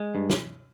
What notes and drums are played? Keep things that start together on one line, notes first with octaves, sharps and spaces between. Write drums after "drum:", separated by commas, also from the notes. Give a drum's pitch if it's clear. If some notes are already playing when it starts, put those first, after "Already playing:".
Already playing: G#3
G2
drum: snare